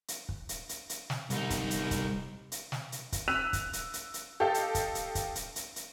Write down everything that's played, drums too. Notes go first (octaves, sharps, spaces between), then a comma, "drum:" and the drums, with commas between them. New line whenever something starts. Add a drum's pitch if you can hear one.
drum: hi-hat
drum: kick
drum: hi-hat
drum: hi-hat
drum: hi-hat
drum: snare
C2 D#4, drum: hi-hat
drum: kick, hi-hat
drum: hi-hat
drum: kick, hi-hat
drum: hi-hat
drum: snare
drum: hi-hat
drum: kick, hi-hat
E6 F#6 B6 D#7 F7
drum: kick, hi-hat
drum: hi-hat
drum: hi-hat
drum: hi-hat
G4 A4 D#5 F5 A5 G6
drum: hi-hat
drum: kick, hi-hat
drum: hi-hat
drum: kick, hi-hat
drum: hi-hat
drum: hi-hat
drum: hi-hat